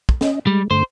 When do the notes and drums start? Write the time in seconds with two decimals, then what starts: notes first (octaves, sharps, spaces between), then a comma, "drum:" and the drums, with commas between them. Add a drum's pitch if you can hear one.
0.09 drum: kick
0.21 C#4 D#5, drum: snare
0.47 G3 G#3
0.71 G2 D3 A3 C5